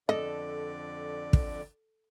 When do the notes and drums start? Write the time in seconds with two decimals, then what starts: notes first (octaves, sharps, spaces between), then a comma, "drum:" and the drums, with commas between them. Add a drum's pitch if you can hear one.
0.09 F2 D3 A4 D5 D#5
1.33 drum: kick